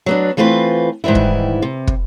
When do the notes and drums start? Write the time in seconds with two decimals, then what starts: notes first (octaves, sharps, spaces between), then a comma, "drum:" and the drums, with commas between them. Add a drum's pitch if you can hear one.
0.06 F#3 B3 D4
0.37 E3 A3 C4 F4 B4
1.04 G#2 D#3 E3 G3 E4
1.15 drum: kick
1.62 C3
1.87 drum: kick